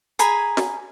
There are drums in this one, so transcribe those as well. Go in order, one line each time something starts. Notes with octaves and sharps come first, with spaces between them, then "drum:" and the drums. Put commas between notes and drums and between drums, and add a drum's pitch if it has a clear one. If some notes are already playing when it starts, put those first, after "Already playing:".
G#4 G#5 A#5 B5, drum: hi-hat
drum: snare